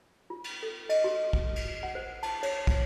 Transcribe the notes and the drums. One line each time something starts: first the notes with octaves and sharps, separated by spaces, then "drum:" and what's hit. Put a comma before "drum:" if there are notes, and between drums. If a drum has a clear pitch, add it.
F4
drum: cymbal
A4
D#5, drum: cymbal
F#4
drum: kick
drum: cymbal
F#5
C5
A5, drum: cymbal
C#5, drum: cymbal
drum: kick, cymbal